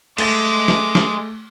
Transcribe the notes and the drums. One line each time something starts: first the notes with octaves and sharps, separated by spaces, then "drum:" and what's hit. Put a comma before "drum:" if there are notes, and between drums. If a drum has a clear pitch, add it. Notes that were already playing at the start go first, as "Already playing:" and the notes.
G#3 A3 D6 A6, drum: cymbal
drum: snare
drum: snare